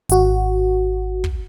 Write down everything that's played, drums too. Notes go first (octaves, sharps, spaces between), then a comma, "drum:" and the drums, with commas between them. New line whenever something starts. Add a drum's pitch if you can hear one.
G#1 F#4, drum: hi-hat
drum: kick